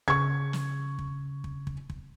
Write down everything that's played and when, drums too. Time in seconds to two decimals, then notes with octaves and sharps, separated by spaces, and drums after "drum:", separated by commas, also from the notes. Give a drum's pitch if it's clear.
0.08 C#3 C#6 G#6, drum: kick
0.53 drum: snare
0.99 drum: kick
1.44 drum: kick
1.67 drum: kick
1.90 drum: kick